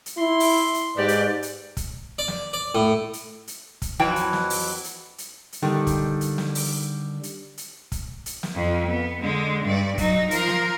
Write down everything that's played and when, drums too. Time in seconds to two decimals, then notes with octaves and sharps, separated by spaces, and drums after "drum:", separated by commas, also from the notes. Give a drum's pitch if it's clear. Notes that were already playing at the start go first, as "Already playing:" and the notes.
0.06 drum: hi-hat
0.17 E4 C6
0.40 drum: open hi-hat
0.74 drum: hi-hat
0.97 G#2 G4 B4 D5
1.08 drum: hi-hat
1.43 drum: hi-hat
1.77 drum: kick, hi-hat
2.19 D5
2.28 drum: snare
2.53 D5
2.75 A2
3.13 drum: hi-hat
3.48 drum: hi-hat
3.82 drum: kick, hi-hat
3.99 F2 E3 F#3 G5 A5
4.16 drum: hi-hat
4.33 drum: snare
4.50 drum: open hi-hat
4.84 drum: hi-hat
5.18 drum: hi-hat
5.53 drum: hi-hat
5.62 D3 D#3 G3
5.87 drum: kick, hi-hat
6.21 drum: hi-hat
6.38 drum: snare
6.55 drum: open hi-hat
7.23 drum: hi-hat
7.58 drum: hi-hat
7.92 drum: kick, hi-hat
8.26 drum: hi-hat
8.43 drum: snare
8.55 F2 F3
8.87 B3
9.21 D3 G#3
9.65 G2 D5
9.98 F#3 D#4, drum: kick, hi-hat
10.31 F3 A#4, drum: hi-hat
10.48 drum: snare